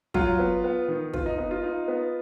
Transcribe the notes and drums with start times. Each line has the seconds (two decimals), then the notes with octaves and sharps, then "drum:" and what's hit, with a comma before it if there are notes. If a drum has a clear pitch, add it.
0.14 F#3 F4, drum: kick
0.39 B3
0.64 B3
0.88 D#3
1.13 B3 F4, drum: kick
1.26 D#4
1.38 B3 D#4
1.51 F4
1.64 D#4
1.88 B3